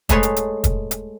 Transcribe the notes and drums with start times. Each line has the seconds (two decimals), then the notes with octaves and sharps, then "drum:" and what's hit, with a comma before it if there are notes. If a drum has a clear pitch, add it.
0.09 G#3 A3 B4 C#5 C6, drum: kick, hi-hat
0.23 drum: hi-hat
0.36 drum: hi-hat
0.64 drum: kick, hi-hat
0.91 drum: hi-hat